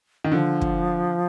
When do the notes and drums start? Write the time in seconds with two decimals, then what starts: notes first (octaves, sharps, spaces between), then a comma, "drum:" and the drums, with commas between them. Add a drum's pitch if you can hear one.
0.24 D#3
0.31 D3 F3
0.61 drum: kick